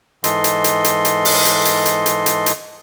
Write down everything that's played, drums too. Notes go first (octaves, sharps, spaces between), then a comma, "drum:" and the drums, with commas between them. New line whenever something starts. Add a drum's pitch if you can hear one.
G#2 E3 A4 D#5 C6, drum: hi-hat
drum: hi-hat
drum: hi-hat
drum: hi-hat
drum: hi-hat
drum: open hi-hat
drum: hi-hat
drum: hi-hat
drum: hi-hat
drum: hi-hat
drum: hi-hat
drum: hi-hat